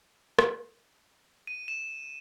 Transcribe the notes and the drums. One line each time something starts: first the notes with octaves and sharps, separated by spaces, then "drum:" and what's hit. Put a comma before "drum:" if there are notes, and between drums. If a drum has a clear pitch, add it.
drum: rim click
D#7
E7